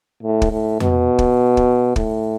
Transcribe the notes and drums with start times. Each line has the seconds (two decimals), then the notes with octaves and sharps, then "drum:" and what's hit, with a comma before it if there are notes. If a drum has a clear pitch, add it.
0.23 A2
0.42 drum: kick
0.51 A2
0.80 B2, drum: tom F2
1.19 drum: kick
1.57 drum: kick
1.96 A2, drum: kick